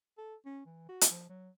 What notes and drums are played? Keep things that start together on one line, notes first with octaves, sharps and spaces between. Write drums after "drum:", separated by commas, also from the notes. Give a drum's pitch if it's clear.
A4
C#4
E3
F#4
drum: hi-hat
F3
F#3